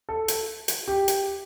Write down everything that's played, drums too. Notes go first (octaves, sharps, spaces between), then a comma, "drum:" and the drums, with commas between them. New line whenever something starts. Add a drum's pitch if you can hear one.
A4
drum: hi-hat
drum: hi-hat
G4
drum: hi-hat